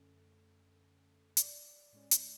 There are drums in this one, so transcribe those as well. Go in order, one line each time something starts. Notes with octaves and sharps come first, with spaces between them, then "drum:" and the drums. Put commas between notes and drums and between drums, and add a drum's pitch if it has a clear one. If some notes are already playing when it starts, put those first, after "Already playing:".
Already playing: F#2 D3 A3 C#4 A4
D5, drum: hi-hat
A2 G#3 C#4
drum: hi-hat